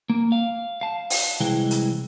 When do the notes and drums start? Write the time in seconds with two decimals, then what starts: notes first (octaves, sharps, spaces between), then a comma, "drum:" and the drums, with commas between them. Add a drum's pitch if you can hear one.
0.10 A#3
0.32 F5
0.81 F5 A5
1.10 drum: open hi-hat
1.40 C2 E3 G#3 G5
1.71 drum: hi-hat